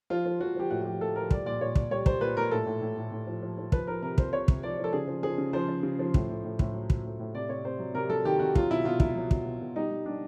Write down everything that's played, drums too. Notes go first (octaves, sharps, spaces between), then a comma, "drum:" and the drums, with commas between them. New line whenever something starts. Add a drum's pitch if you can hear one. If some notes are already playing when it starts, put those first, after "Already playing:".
F3 F4
F3
F3 F#4
F3 G4
A2 F#4
F#4
F3 G4
A2 A4
F3 A#4
G3 D5, drum: kick
A#2 D5
A#2 C#5
A#2, drum: kick
G3 C#5
G3 C5, drum: kick
A#2 B4
A#2 A#4
A2 A4
A2
A2
A2
A2
F3
F3
F3
F3 B4, drum: kick
F3 A#4
C3 A#4
F3 C5, drum: kick
C3 C#5
C3, drum: kick
F3 D5
F3
A4
C#3 G#4
F3
F3 G#4
C#3
F3 C5
F3
C#3
F3
A2, drum: kick
A2
A2
A2, drum: kick
F#3
F#3, drum: kick
A2
A2
C3 D5
C3 C#5
C3 C5
F#3
C3 A#4
F#3 A4
D#3 G4
C3 F#4
F#3 F4, drum: kick
B2 E4
B2 F4
F#3 E4, drum: kick
F#3
B2, drum: kick
B2
B2
G3 D#4
G3
G3 D4